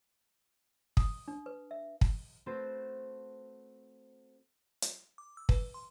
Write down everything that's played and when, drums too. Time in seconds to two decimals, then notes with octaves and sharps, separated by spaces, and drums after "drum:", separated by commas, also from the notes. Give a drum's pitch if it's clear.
0.97 D#6, drum: kick
1.28 D4
1.46 B4
1.71 E5
2.01 drum: kick
2.46 A3 C4 F#4 B4 C5 A6
4.82 drum: hi-hat
5.18 D6
5.37 E6
5.49 B4, drum: kick
5.74 C6